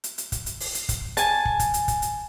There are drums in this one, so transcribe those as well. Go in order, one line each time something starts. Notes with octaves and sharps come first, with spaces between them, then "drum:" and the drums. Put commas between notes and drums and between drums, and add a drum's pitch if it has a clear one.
drum: hi-hat
drum: hi-hat
drum: kick, hi-hat
drum: hi-hat
drum: open hi-hat
drum: hi-hat
drum: kick, hi-hat
G#5 A5, drum: hi-hat
drum: kick
drum: kick, hi-hat
drum: hi-hat
drum: kick, hi-hat
drum: hi-hat